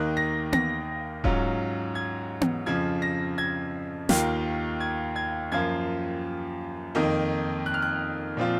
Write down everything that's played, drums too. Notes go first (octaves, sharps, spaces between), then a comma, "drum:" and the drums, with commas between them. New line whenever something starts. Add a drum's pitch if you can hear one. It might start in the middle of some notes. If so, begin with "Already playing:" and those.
Already playing: D#2 D#3 A#3 D#4 F#6
A#6
A#6, drum: tom B3
G#2 F#3 C#4 F4, drum: kick D#1
G#6
drum: tom B3
F2 C#3 F3 G#6
A#6
G#6
D#2 D#3 A#3 F4, drum: snare
G#6
G#6
F#2 F3 A#3 F4 G#6
F2 D#3 A#3 D#4
F#6
F6
F#6
A#2 F3 C4 F4